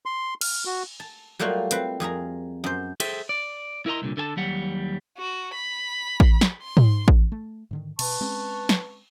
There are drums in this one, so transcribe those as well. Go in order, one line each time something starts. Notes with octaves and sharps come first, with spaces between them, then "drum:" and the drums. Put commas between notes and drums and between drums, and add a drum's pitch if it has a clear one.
C6
F6, drum: cymbal
F#4
A5
F#3 G3 A3 A#3 F4 F#4
C4 B4, drum: hi-hat
F2 G#4 A#4 A#5
F#2 C5
G#4 A4 C5 E5 G5, drum: cymbal
D5
E4 A#4 D#5 A#5 C6
C2 A#2 D3
D3 A4 G#5 A5
D#2 F#3 G3 F#5
F#4
B5
drum: kick A1
drum: snare
C6
drum: tom
drum: kick A1
A3
G#2 D3 D#3
B2 B4 A5 C#6, drum: cymbal
G#3 C4 C#4
drum: snare